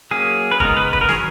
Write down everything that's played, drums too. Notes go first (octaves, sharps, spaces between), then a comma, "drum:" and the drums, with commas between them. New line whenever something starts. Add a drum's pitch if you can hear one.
F#3 A#3 C#4 G#4
B4
C#3 G#3 B3 D#4 A#4, drum: kick
B4
B4, drum: kick
A#4
D#3 F#3 C#4 G#4, drum: snare